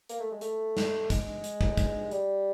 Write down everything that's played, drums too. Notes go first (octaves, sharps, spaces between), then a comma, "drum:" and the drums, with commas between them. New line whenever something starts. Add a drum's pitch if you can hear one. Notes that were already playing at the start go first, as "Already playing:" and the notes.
A#3, drum: hi-hat
A3
G#3
A3, drum: hi-hat
drum: snare
G#3, drum: kick, hi-hat
drum: hi-hat
drum: kick
drum: kick, hi-hat
G3, drum: hi-hat